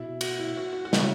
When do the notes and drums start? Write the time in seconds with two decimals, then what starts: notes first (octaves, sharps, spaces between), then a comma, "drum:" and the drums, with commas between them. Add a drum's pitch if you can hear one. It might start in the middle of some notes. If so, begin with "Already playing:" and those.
Already playing: B2 E4
0.21 F#4, drum: cymbal
0.39 E4
0.57 F#4
0.73 F#4
0.85 F#4
0.93 C#3 E4, drum: snare